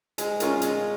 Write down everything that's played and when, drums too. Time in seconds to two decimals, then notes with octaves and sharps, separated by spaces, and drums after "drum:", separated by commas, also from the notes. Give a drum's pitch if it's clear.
0.18 G#3, drum: hi-hat
0.40 C#4 F4 A#4, drum: hi-hat
0.62 G#3, drum: hi-hat